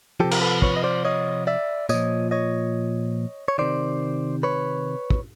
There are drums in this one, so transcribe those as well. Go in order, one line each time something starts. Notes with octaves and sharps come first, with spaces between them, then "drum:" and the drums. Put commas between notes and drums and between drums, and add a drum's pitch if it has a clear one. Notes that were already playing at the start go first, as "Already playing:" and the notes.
C3 F3 G4 A4
A#4, drum: cymbal
A4 B4
B4 C#5, drum: kick
D#5
C5 D5
C#5 D#5
D5 E5
A#2 F3 C#5 D#5, drum: tambourine
C#5 D#5
C#5
C3 D#3 C5 D5
B4 C#5
drum: kick